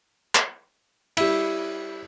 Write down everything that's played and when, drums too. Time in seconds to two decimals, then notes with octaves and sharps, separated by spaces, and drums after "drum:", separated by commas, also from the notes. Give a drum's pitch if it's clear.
0.35 drum: clap
1.17 G3 E4, drum: cymbal